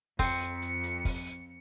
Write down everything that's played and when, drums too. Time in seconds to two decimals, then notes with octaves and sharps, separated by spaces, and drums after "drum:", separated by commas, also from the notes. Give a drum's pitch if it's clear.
0.19 F2 C4 C#7, drum: kick, open hi-hat
0.41 drum: hi-hat
0.62 drum: hi-hat
0.84 drum: hi-hat
1.05 drum: kick, open hi-hat
1.26 drum: hi-hat